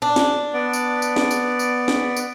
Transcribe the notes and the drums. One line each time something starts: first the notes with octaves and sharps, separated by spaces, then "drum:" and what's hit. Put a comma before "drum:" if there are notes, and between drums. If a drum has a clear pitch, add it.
D4
drum: snare
B3 D5
drum: tambourine
drum: tambourine
drum: snare
drum: tambourine
drum: tambourine
drum: snare
drum: tambourine